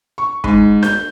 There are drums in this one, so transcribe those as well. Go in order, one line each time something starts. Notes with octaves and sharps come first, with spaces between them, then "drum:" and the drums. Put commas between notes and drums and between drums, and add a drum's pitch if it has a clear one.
C#6
G#2, drum: kick
G6, drum: snare D4